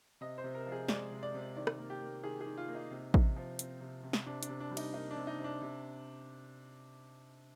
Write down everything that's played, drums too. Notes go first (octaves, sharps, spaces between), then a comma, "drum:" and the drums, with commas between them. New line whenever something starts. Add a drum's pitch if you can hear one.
C3 D#5
C5
C3
A#4
F3
G#4
G#3 D5, drum: snare
C3
D5
C3
D#3 D5
drum: rim click
A#3
G4
A#3
D#3 G#4
G#4
D#3
F4
A#3
D#4
C3
C3, drum: kick A1
F3
C4, drum: hi-hat
C3
C3
drum: snare
C3 D4
D4, drum: hi-hat
C3
D4
G3
D#4, drum: cymbal
A#3 D#4
D4
C3
D#4
C3
D4
C3